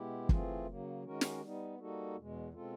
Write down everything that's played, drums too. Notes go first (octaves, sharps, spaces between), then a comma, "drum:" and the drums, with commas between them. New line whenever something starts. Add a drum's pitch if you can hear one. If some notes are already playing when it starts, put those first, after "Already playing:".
Already playing: B2 G#3 B3 E4 G4
E3 A3 C4 F4 G#4, drum: kick
C#3 F#3 A#3
D#3 G#3 C#4 F#4 A#4
drum: snare
G3 B3 D#4
G3 A#3 D#4 F#4 A4
E2 B2 G#3
B2 G#3 C4 F4 A4